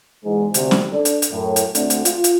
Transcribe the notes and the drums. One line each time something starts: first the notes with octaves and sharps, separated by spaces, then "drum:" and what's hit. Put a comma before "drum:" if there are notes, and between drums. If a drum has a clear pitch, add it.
E2 G#2 G#3
D2 C3, drum: hi-hat
drum: snare
D4 A4 D5
drum: hi-hat
drum: hi-hat
F#2 A2
drum: hi-hat
D2 D3 A3 C4, drum: hi-hat
drum: hi-hat
F4, drum: hi-hat
drum: hi-hat